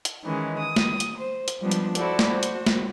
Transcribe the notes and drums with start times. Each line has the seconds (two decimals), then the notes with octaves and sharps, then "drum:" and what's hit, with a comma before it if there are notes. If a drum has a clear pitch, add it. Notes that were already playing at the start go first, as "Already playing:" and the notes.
0.05 drum: hi-hat
0.24 D#3 E3 G#3 C#4
0.59 D#6
0.76 drum: snare
1.00 drum: hi-hat
1.18 C5
1.48 drum: hi-hat
1.61 F3 G3 G#3 B3 D4
1.71 drum: hi-hat
1.95 E4 F#4 A4 C5 D5, drum: hi-hat
2.19 drum: snare
2.28 F#4 C5
2.43 drum: hi-hat
2.67 drum: snare